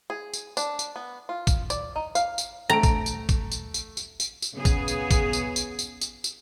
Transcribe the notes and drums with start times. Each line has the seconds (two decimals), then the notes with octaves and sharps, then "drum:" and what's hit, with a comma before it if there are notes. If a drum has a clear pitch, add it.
0.10 G#4
0.34 drum: tambourine
0.57 D4, drum: tambourine
0.79 drum: tambourine
0.96 B3
1.29 F4
1.47 drum: kick, tambourine
1.70 D5, drum: tambourine
1.96 D#4
2.15 F5, drum: tambourine
2.38 drum: tambourine
2.70 A3 A#5 D7
2.83 drum: kick, tambourine
3.06 drum: tambourine
3.29 drum: kick, tambourine
3.52 drum: tambourine
3.74 drum: tambourine
3.97 drum: tambourine
4.20 drum: tambourine
4.42 drum: tambourine
4.53 C#3 B3 G#4
4.65 drum: kick, tambourine
4.88 drum: tambourine
5.11 drum: kick, tambourine
5.33 drum: tambourine
5.56 drum: tambourine
5.79 drum: tambourine
6.01 drum: tambourine
6.24 drum: tambourine